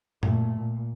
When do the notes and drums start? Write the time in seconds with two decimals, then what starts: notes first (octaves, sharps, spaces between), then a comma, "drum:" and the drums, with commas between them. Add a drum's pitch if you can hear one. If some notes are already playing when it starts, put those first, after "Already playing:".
0.23 A#2 A3, drum: tom F#2
0.58 A#2